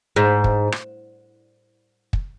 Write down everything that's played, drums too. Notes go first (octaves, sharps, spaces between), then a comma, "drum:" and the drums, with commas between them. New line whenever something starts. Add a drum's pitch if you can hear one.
G#2
drum: kick
drum: rim click
drum: kick